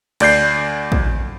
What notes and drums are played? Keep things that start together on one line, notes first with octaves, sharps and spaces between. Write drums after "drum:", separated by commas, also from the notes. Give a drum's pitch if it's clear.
D2 D5 G6 C7, drum: cymbal
drum: kick